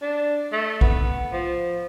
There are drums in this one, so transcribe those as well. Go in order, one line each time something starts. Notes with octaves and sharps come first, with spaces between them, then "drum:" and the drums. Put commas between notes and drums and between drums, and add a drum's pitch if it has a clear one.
D4
A3
B3, drum: kick A#1
F3